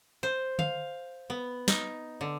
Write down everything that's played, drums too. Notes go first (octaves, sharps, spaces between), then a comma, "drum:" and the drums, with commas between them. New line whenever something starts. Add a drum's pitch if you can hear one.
C5
F5, drum: tom D3
B3
D#4, drum: snare
D3